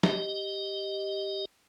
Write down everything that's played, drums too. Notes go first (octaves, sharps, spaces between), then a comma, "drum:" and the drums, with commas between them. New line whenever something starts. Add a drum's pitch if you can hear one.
G4 D#5, drum: snare